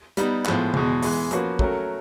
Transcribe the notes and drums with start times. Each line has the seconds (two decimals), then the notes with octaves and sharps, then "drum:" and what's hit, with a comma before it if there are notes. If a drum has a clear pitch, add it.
0.17 G3 B3 D#4, drum: hi-hat
0.46 A2 F3 G#3 B3, drum: clap
0.74 E2 B2 G#3, drum: tom C#3
1.02 E3 G#3 B3, drum: open hi-hat
1.31 F3 A#3 C#4 F#4 B4, drum: hi-hat
1.59 F#3 A3 C#4 F#4 A#4, drum: kick